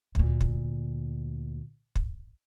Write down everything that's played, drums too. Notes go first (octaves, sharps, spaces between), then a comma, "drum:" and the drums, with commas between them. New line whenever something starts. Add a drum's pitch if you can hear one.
D2 A#2, drum: kick
drum: kick
drum: kick